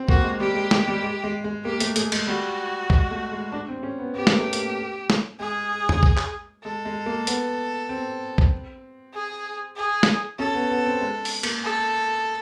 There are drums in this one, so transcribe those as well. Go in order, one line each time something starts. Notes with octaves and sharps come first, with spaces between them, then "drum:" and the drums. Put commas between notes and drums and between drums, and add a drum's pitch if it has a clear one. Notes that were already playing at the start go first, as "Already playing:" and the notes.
Already playing: C4
A#3 F#4, drum: kick A#1
G#3
G3 G4
G#3
G#3, drum: snare
G3
G#3
G#3
G#3
A#3 G4
A3, drum: hi-hat
A3 G#4, drum: hi-hat
G#3, drum: cymbal
G3 F#4
G#3, drum: kick A#1
A3
G#3
D4
C4
C#4
B3
B3 G4
A#3, drum: snare
A3
A#3, drum: hi-hat
drum: snare
G#3 G#4
drum: tom E2
drum: kick A#1
drum: clap
G#3 A4
G#3
A#3
B3, drum: hi-hat
C4
drum: kick A#1
G#4
G#4
drum: snare
C#4 A4
B3
B3
C4
G#3
drum: open hi-hat
A#3, drum: cymbal
A4